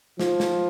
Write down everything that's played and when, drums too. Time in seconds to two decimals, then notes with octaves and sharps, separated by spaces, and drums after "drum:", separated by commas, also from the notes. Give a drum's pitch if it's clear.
0.20 F3, drum: snare
0.40 drum: snare